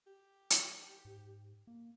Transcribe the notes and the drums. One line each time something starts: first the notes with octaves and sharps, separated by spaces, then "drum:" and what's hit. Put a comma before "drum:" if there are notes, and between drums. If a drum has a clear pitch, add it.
G4
drum: hi-hat
G#2
A#3